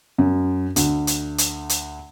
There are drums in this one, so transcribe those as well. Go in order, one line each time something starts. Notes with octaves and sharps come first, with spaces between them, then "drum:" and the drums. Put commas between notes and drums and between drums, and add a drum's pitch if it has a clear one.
F#2
D2, drum: hi-hat
drum: hi-hat
drum: hi-hat
drum: hi-hat